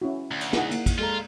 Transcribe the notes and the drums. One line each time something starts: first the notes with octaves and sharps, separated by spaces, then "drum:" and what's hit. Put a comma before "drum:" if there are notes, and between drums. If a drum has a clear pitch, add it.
C#4 E4 F#4
D2
drum: cymbal
D#4 E4 G#4 F#5, drum: snare
A#3, drum: cymbal
drum: kick, cymbal
G#3 F4 A4 A#5